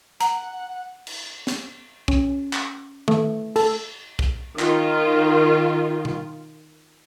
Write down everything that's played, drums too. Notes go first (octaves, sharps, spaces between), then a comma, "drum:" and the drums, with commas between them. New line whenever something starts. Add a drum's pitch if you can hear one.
F#5 A#5, drum: hi-hat
drum: cymbal
drum: snare
C#4, drum: kick
drum: clap
A3, drum: tom D#3
A4, drum: cymbal
drum: kick
D#3 F4, drum: clap
drum: tom B2